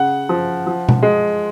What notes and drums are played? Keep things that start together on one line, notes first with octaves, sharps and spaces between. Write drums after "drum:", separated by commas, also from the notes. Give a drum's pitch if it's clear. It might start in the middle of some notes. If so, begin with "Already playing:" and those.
Already playing: C#3 F#5
F3
F3
drum: tom B2
G#3